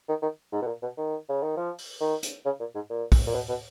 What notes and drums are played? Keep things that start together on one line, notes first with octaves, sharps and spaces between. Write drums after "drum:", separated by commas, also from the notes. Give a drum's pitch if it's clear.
D#3
D#3
G#2
B2
A#2
B2
D#3
C#3
D#3
F3
drum: open hi-hat
D#3
drum: hi-hat
C#3
A#2
G#2
A#2
drum: kick, open hi-hat
A#2
B2
B2